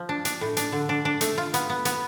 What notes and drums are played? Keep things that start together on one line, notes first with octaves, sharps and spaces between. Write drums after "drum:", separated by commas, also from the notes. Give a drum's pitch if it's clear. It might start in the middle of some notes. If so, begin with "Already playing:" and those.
Already playing: F3
D4
D4, drum: hi-hat
A2
D4, drum: hi-hat
D3
D4
D4
A3, drum: hi-hat
F4
B3, drum: hi-hat
B3
B3, drum: hi-hat